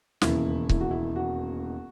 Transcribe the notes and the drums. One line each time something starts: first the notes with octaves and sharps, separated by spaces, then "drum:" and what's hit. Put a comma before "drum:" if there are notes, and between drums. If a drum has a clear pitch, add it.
E1 D#2 C#3 E3 E4, drum: snare
E4, drum: kick C#1
F#4
E4
F#4